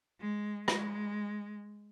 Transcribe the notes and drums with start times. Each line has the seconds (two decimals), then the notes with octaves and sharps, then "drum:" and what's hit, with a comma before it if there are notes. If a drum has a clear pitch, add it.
0.20 G#3
0.68 G#3, drum: rim click